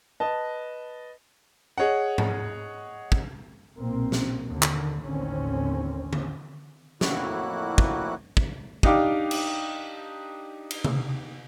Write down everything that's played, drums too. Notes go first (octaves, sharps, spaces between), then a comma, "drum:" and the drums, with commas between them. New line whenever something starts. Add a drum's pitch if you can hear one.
B4 D#5 A5
G#4 C#5 D#5 F#5
drum: tom G#2
drum: kick
B1 A#2 A#3 C4
drum: snare
D#2 D3
drum: clap
A1 D#2 D3 C4 C#4
drum: tom D3
F2 A2 A#3 E4 F#4 F#6, drum: snare
drum: kick
drum: kick
D4 D#4 G4 F5 D6, drum: kick
drum: cymbal
drum: cymbal
drum: tom C3